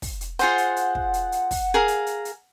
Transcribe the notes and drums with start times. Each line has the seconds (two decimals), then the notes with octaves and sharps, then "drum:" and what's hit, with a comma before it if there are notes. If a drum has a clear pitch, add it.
0.02 drum: kick, open hi-hat
0.21 drum: hi-hat
0.39 F4 G#4 C5 F#5, drum: hi-hat
0.58 drum: hi-hat
0.76 drum: hi-hat
0.95 drum: kick
1.14 drum: hi-hat
1.32 drum: hi-hat
1.51 drum: kick, open hi-hat
1.74 G#4 A#4 F5
1.88 drum: hi-hat
2.06 drum: hi-hat
2.25 drum: hi-hat